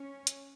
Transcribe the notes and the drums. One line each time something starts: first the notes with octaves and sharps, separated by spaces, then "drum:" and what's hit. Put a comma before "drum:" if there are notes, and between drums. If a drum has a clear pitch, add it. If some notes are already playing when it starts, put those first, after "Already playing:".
Already playing: C#4
drum: hi-hat